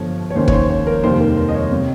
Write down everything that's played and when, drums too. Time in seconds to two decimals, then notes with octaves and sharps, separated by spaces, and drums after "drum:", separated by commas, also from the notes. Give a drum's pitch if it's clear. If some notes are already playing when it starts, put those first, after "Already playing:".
Already playing: G1 G2 F3 C#5
0.30 C#5
0.35 D#2 D#3 A#3 C#4 C5
0.48 C#5, drum: kick
0.53 C5
0.69 C#5
0.87 A#4
1.03 F1 D#2 D#3 G3 A#3 C5
1.20 A#4
1.37 A#4
1.48 D#5
1.54 C#5
1.71 C3 G3